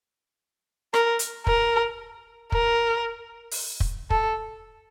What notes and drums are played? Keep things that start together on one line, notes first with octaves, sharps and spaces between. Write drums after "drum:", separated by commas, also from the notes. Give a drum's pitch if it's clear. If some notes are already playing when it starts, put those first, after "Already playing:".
A#4, drum: rim click
drum: hi-hat
A#4, drum: kick
A#4, drum: kick
drum: open hi-hat
drum: kick
A4, drum: kick